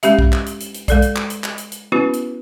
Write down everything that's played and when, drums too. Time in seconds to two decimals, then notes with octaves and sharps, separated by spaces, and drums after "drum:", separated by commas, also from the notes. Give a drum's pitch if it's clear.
0.03 G#3 C#4 G4 E5, drum: hi-hat
0.19 drum: kick B1
0.33 drum: clap
0.46 drum: hi-hat
0.60 drum: hi-hat
0.74 drum: hi-hat
0.88 G#3 A4 D5, drum: kick B1, hi-hat
1.02 drum: hi-hat
1.16 drum: clap
1.30 drum: hi-hat
1.44 drum: clap
1.58 drum: hi-hat
1.72 drum: hi-hat
1.92 B3 C#4 E4 F#4 B4
2.13 drum: hi-hat